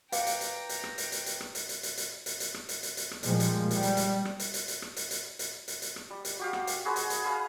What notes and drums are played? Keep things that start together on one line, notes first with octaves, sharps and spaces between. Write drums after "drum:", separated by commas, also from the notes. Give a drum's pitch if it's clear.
B4 F5 G5 A#5 D6 C#7, drum: hi-hat
drum: hi-hat
drum: hi-hat
drum: hi-hat
drum: rim click
drum: hi-hat
drum: hi-hat
drum: hi-hat
drum: rim click
drum: hi-hat
drum: hi-hat
drum: hi-hat
drum: hi-hat
drum: hi-hat
drum: hi-hat
drum: rim click
drum: hi-hat
drum: hi-hat
drum: hi-hat
drum: rim click
A#2 F3 G3 G#3 A#3, drum: hi-hat
drum: hi-hat
G3, drum: hi-hat
drum: hi-hat
drum: hi-hat
drum: rim click
drum: hi-hat
drum: hi-hat
drum: hi-hat
drum: rim click
drum: hi-hat
drum: hi-hat
drum: hi-hat
drum: hi-hat
drum: hi-hat
drum: rim click
G3
drum: hi-hat
F#4 G4 F5
drum: rim click
drum: hi-hat
F#4 G#4 B4 C5
drum: hi-hat
drum: hi-hat
G#4 B4 F5 B5